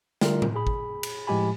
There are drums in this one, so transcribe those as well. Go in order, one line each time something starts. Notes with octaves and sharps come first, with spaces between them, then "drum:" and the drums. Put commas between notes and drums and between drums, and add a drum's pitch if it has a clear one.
D3 G3 A3 F4 A#4, drum: snare
drum: tom A2
G#4 B5
drum: kick
drum: cymbal
A2 F3 G#3 G4 G#5 B5